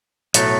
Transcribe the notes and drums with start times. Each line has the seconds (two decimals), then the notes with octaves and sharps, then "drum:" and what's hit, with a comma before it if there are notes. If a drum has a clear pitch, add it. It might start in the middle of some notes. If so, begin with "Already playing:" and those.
0.34 B1 A2 F#3 A3, drum: hi-hat